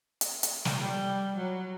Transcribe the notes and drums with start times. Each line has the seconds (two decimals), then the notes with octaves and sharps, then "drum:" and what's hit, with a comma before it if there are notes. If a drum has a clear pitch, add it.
0.21 drum: hi-hat
0.43 drum: hi-hat
0.65 drum: snare
0.80 G3
1.37 F#3